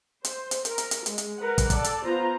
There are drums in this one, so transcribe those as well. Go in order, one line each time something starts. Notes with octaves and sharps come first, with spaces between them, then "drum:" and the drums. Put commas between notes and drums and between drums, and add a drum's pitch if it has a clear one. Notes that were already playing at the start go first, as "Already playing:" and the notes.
C5, drum: hi-hat
drum: hi-hat
A#4, drum: hi-hat
drum: hi-hat
drum: hi-hat
G#3, drum: hi-hat
drum: hi-hat
A#4 B4 F#5
drum: kick, hi-hat
A4 D5, drum: kick, hi-hat
drum: hi-hat
B3 F4 C5 A#5